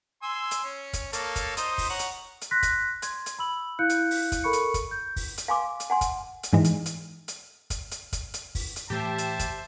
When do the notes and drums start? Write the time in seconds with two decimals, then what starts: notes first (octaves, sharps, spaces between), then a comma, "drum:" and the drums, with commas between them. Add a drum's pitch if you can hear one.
0.23 G#5 C6 E6
0.51 drum: hi-hat
0.64 C#4
0.93 drum: kick, hi-hat
1.13 A#3 A4 C#5, drum: hi-hat
1.36 drum: kick, hi-hat
1.57 D#4 C5 D#6, drum: hi-hat
1.78 drum: kick, open hi-hat
1.90 C#5 F#5 A#5
1.99 drum: hi-hat
2.41 drum: hi-hat
2.51 C6 F#6 A#6 B6
2.63 drum: kick, hi-hat
3.02 C6 G#6, drum: hi-hat
3.26 drum: hi-hat
3.39 B5 E6 F#7
3.79 E4 F5 F#6 G6 C#7
3.89 drum: hi-hat
4.11 drum: open hi-hat
4.32 drum: kick, hi-hat
4.44 A4 A#4 B5 C#6 C#7
4.53 drum: hi-hat
4.74 drum: kick, hi-hat
4.91 G6
5.16 drum: kick, open hi-hat
5.38 drum: hi-hat
5.48 F5 G#5 C6 D6
5.80 drum: hi-hat
5.90 F#5 G#5 C6
6.01 drum: kick, hi-hat
6.43 drum: hi-hat
6.53 G#2 E3 G#3
6.64 drum: hi-hat
6.86 drum: hi-hat
7.28 drum: hi-hat
7.70 drum: kick, hi-hat
7.91 drum: hi-hat
8.13 drum: kick, hi-hat
8.34 drum: hi-hat
8.55 drum: kick, open hi-hat
8.76 drum: hi-hat
8.90 A2 E3 A3 G4 C5 E5 A5
9.18 drum: hi-hat
9.39 drum: kick, hi-hat